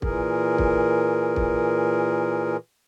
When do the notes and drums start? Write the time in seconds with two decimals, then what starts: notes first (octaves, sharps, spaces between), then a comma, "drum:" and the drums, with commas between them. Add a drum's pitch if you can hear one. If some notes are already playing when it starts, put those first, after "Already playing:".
0.02 A#2 E3 G#4 A#4, drum: kick
0.58 drum: kick
1.36 drum: kick